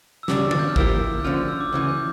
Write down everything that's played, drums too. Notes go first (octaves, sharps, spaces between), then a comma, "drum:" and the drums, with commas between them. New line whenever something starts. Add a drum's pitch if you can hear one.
E6
D2 C#3 G3 D4 D6, drum: snare
A6, drum: tom D3
G6
F6
F3 A#3 E4 G4 E6, drum: kick G#1
G6
D2 D3 F3 C#4 F4 F6
G6
E6
D6
D2 C#3 E3 D6
G6